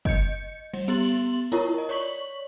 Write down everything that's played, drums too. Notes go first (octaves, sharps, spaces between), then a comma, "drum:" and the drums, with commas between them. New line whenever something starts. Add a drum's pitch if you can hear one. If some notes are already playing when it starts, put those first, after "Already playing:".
D#5 G6 C#7, drum: kick
G3, drum: cymbal
B3 G4 C6 A6 F#7
drum: cymbal
E4 F4 A#4 C#5 A#5 C#6
A#4 D#5
C#5 D5 C#6 B6 F#7, drum: open hi-hat